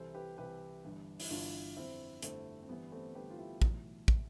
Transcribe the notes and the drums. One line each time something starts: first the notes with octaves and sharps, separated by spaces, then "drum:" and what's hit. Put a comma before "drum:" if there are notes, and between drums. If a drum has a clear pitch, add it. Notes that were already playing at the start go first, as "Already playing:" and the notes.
Already playing: C2 C3 E3 A4 C5
G4 B4
C2 C3 E3 G4 B4
G1 G2 E3
E4, drum: open hi-hat
G1 G2 E3 D4 F4
G1 F2 D3 C4 E4
G1 F2 D3 A3 C4, drum: hi-hat
C4
G1 G2 E3 G3 B3
A3 C4
G1 G2 E3 G4 B4
F4
E4 G4
B1 A2 E3, drum: kick
A2 E3, drum: kick